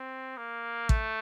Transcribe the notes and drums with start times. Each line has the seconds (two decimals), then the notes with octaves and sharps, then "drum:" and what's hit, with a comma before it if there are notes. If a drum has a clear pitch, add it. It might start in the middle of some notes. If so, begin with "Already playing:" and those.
Already playing: C4
0.37 A#3
0.89 A3, drum: kick